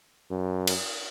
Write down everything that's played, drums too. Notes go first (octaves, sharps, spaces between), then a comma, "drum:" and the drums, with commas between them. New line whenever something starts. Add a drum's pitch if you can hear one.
F#2
drum: cymbal